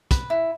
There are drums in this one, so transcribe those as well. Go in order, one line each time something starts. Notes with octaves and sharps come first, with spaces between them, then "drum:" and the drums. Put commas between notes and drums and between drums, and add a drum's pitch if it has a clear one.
B4, drum: kick, hi-hat
E4